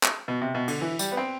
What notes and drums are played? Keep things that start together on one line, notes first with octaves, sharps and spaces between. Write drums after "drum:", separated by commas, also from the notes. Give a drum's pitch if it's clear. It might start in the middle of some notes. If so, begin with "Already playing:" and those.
drum: clap
B2
C3
B2
D3, drum: cymbal
E3
G3, drum: tambourine
B3
C4